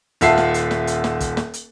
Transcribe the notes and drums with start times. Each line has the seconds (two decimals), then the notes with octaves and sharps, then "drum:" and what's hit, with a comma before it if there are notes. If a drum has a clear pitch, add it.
0.21 D#1 F4 E5 F#5 A5 C7, drum: hi-hat
0.38 drum: snare
0.54 drum: hi-hat
0.71 drum: snare
0.87 drum: hi-hat
1.04 drum: snare
1.20 drum: kick, hi-hat
1.37 drum: snare
1.54 drum: hi-hat